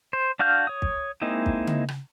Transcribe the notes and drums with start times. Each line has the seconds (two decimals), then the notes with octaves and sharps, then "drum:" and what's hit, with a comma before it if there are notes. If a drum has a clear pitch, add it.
0.13 C5
0.39 D4 F#4 F5 F6 G6
0.67 C#5 D#6
0.82 drum: kick
1.22 G#3 A#3 C4 D#4 E4
1.46 drum: kick
1.67 drum: tom C#3
1.88 drum: rim click